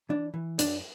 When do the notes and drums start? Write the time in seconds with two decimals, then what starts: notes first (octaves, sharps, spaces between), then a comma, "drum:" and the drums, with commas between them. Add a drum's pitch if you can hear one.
0.09 E3 D4
0.34 E3
0.59 F#2 D4, drum: hi-hat